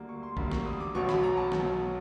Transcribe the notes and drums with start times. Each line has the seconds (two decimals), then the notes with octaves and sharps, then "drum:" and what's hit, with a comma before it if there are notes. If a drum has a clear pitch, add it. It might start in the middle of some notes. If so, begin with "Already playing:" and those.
Already playing: D2 D3 G3 A#3
0.09 C#6
0.23 C6
0.37 D2 D3 G3 A#3 B5, drum: kick A1
0.52 C#6, drum: snare
0.66 D#6
0.80 D6
0.95 B1 B2 F#3 B3 C#6
1.09 B5, drum: snare
1.23 A#5
1.37 A5
1.52 B1 B2 F#3 B3, drum: snare